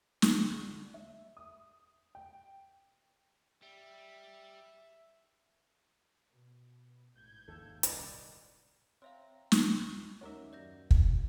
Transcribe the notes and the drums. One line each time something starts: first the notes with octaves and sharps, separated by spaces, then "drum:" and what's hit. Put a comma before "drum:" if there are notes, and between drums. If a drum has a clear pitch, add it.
G#4, drum: snare
D3
E5
D#6
G5
G3 E5
B2
A1 G#2 G6 G#6
D#2 F3 A4
D#1 C2 D3 A#4 D5 D#5, drum: hi-hat
C4 C#5 E5 F5 A#5
drum: snare
D#2 C#4 D#4 F#4 A#4 C#5 E5 D6
F#2 D5 G6 A#6
drum: kick